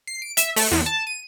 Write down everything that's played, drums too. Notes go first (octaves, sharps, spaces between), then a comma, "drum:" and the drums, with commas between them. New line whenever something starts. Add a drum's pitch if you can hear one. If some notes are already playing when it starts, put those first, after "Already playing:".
C7
D7
E5, drum: hi-hat
A3, drum: open hi-hat
E2
A5
D#7